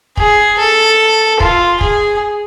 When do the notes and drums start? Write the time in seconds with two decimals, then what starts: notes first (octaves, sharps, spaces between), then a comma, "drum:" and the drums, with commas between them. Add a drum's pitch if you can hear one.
0.17 G#4, drum: kick
0.59 A4
1.40 F4, drum: kick
1.81 G#4, drum: kick